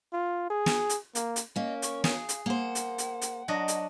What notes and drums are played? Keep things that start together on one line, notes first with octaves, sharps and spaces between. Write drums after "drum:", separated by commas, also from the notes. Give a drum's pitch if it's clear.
F4
G#4
drum: snare
drum: hi-hat
A#3, drum: hi-hat
drum: hi-hat
A#3 C#4 D#5
C#6, drum: hi-hat
G#4 F5, drum: snare
drum: hi-hat
A#3 C5 F#5
drum: hi-hat
drum: hi-hat
drum: hi-hat
F#3 D4 D#5
drum: hi-hat